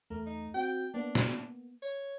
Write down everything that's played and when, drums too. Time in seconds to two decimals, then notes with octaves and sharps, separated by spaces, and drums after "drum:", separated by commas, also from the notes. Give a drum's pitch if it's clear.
0.10 E2 A3 A#4
0.26 D#4
0.54 C4 F#4 G5
0.94 A#3 B3 D4
1.15 drum: snare
1.82 C#5